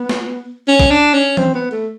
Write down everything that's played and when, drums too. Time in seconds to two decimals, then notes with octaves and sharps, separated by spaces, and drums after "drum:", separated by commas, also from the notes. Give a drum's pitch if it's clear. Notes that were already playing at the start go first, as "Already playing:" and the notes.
Already playing: B3
0.09 drum: snare
0.68 C#4
0.80 drum: kick
0.90 D4
1.14 C#4
1.37 C4, drum: tom E3
1.54 B3
1.71 A3